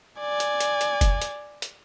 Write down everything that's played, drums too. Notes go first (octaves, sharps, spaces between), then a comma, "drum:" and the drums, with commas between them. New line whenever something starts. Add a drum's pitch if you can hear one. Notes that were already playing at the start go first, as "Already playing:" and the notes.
D5 G#5
drum: hi-hat
drum: hi-hat
drum: hi-hat
drum: kick, hi-hat
drum: hi-hat
drum: hi-hat